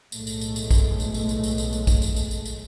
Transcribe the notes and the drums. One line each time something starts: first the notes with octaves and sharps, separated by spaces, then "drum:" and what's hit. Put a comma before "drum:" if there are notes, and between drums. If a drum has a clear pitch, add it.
B1 A2 G#3 A3, drum: tambourine
drum: tambourine
drum: tambourine
drum: tambourine
drum: kick, tambourine
drum: tambourine
drum: tambourine
drum: tambourine
drum: tambourine
drum: tambourine
drum: tambourine
drum: kick, tambourine
drum: tambourine
drum: tambourine
drum: tambourine
drum: tambourine